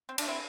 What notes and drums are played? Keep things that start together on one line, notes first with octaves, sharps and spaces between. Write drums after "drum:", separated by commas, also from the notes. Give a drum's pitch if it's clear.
C4
D3 A3 D4, drum: cymbal
C4 E4